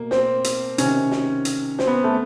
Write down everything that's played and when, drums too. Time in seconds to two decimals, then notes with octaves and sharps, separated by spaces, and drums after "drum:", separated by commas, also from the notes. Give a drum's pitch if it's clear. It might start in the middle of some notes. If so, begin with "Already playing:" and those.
Already playing: B2 A#3
0.11 C4, drum: snare
0.44 drum: hi-hat
0.78 C3 D#3 C#4, drum: hi-hat
1.11 drum: snare
1.45 drum: hi-hat
1.79 C4, drum: snare
1.87 B3
2.04 A3